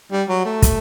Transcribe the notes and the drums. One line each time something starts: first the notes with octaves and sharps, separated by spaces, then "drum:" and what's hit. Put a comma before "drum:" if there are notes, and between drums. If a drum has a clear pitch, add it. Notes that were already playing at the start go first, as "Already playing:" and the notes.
G3
F#3
A3
drum: kick, hi-hat